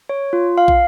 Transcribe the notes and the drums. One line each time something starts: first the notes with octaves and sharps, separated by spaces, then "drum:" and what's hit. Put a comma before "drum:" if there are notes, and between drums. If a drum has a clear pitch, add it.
C#5
F4
F5
drum: kick